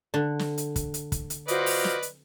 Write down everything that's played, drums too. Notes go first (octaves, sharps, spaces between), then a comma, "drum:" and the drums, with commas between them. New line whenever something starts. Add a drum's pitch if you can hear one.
D3
drum: snare
drum: hi-hat
drum: kick, hi-hat
drum: hi-hat
drum: kick, hi-hat
drum: hi-hat
F4 F#4 B4 C5 D5 D#5, drum: hi-hat
drum: open hi-hat
drum: snare
drum: hi-hat